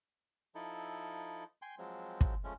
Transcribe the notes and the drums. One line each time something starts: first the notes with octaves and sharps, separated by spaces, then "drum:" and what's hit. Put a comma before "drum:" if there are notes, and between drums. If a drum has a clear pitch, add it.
F3 D#4 E4 A4
G5 G#5 C6
F3 F#3 G#3 C4
drum: kick
F3 G#3 A3 C#4